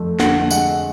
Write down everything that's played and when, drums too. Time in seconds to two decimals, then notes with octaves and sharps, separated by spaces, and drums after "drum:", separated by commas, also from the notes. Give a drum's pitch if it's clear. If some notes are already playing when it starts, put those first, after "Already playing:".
Already playing: F2 A3
0.20 D3 F#5, drum: snare
0.51 G#3 F#5, drum: tambourine